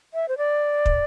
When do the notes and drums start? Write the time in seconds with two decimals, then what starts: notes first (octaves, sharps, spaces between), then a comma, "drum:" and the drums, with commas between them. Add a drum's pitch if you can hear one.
0.14 E5
0.28 C5
0.38 D5
0.86 drum: kick